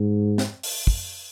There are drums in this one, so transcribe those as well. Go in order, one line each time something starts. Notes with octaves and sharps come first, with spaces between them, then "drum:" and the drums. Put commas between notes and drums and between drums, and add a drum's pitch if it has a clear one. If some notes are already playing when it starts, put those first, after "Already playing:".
Already playing: G#2
drum: snare
drum: open hi-hat
drum: kick